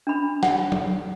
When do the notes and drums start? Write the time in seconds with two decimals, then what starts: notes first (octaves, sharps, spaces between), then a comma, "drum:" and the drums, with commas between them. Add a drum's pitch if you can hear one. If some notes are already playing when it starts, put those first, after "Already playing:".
0.07 D4 B5
0.43 F#5, drum: snare
0.72 drum: tom